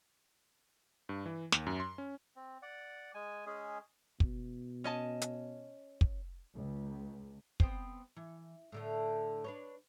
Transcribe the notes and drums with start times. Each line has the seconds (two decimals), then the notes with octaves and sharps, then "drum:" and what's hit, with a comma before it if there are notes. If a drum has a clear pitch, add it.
1.09 G2
1.26 E3
1.52 D#2, drum: snare
1.67 F#2
1.80 C6
1.98 C#4
2.36 C4
2.62 D5 F#5
3.14 G#3 G#5
3.46 G#3 C#4 G#4
4.20 B2, drum: kick
4.84 C#4 D#5 A5
5.22 drum: hi-hat
6.01 drum: kick
6.55 C#2
7.60 B3 C4 C5, drum: kick
8.16 E3
8.72 A2 D3 A3
9.44 D4 B4 C#5